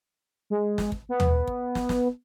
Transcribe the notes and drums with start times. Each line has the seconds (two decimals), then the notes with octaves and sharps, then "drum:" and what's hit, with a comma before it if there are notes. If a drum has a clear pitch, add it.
0.50 G#3
0.78 drum: snare
0.92 drum: kick
1.09 B3
1.20 drum: tom
1.47 drum: kick
1.75 drum: snare
1.89 drum: snare